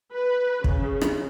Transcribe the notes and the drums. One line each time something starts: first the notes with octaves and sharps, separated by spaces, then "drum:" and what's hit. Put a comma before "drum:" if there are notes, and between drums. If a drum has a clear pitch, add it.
B4
C#3, drum: kick
drum: rim click